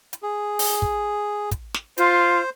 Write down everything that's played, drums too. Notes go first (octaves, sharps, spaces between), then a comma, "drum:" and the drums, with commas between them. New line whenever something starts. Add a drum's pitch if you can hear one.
drum: hi-hat
G#4
drum: open hi-hat
drum: kick
drum: kick, hi-hat
drum: snare
F4 C5, drum: hi-hat